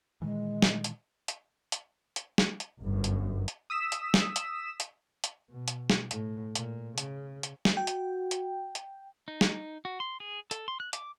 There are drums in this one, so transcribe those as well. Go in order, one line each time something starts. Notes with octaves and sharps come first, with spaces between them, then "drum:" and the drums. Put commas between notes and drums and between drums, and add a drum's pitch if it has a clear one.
A#2 D#3 E3 G#3
drum: snare
drum: hi-hat
drum: hi-hat
drum: hi-hat
drum: hi-hat
drum: snare
drum: hi-hat
G1 F#2
drum: hi-hat
drum: hi-hat
D#6 E6 B6 E7
drum: hi-hat
drum: snare
drum: hi-hat
drum: hi-hat
drum: hi-hat
B2
drum: hi-hat
drum: snare
A2, drum: hi-hat
A#2, drum: hi-hat
C#3, drum: hi-hat
drum: hi-hat
drum: snare
F#4 G5
drum: hi-hat
drum: hi-hat
drum: hi-hat
D#4
drum: snare
F#4
C6
G#4
A4, drum: hi-hat
C6
F#6
D6, drum: hi-hat